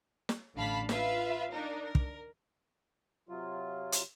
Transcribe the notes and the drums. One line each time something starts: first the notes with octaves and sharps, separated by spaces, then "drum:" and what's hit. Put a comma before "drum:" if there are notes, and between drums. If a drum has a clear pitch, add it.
drum: snare
A1 D3 F5 A5 B5 B6
F4 B4 E5 F5, drum: snare
D4 D#4 A#4
A#4
drum: kick
C3 F#3 F4
drum: hi-hat